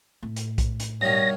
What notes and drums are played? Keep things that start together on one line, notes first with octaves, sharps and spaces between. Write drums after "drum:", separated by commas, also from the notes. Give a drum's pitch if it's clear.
A2
drum: hi-hat
drum: kick B1, hi-hat
drum: hi-hat
G2 B2 D#3 C#5 A#6